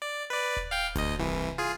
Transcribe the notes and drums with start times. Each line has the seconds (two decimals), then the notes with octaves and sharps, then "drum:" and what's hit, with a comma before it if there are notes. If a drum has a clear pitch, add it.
0.02 D5
0.30 B4 D5
0.57 drum: kick D#1
0.71 F5 G5
0.95 D2 D#5, drum: kick D#1, hi-hat
1.18 C2 E3
1.58 F4 G#4